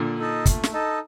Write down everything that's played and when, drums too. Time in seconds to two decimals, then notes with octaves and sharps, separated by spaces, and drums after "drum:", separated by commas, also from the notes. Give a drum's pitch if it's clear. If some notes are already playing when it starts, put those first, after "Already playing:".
Already playing: A#2 D3
0.19 D#4 A4 D#5 A5
0.46 A3, drum: kick, hi-hat
0.63 drum: snare
0.73 D#4 A4 D#5 A5